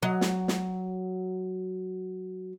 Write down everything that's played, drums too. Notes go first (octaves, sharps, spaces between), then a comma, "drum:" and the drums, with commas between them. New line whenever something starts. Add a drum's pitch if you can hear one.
F#3 D#5
drum: snare
drum: snare